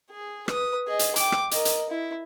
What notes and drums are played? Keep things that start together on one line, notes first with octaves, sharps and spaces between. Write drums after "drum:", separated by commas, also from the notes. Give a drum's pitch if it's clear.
G#4
B4 D#6, drum: rim click
G#4 D#5
drum: hi-hat
G5 D6, drum: hi-hat
drum: rim click
A#4 D#5, drum: hi-hat
drum: hi-hat
E4